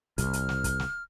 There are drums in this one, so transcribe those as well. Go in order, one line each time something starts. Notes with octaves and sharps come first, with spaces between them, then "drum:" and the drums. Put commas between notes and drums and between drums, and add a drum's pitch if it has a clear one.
C2 F6, drum: kick, hi-hat
drum: hi-hat
drum: snare
drum: kick, hi-hat
drum: snare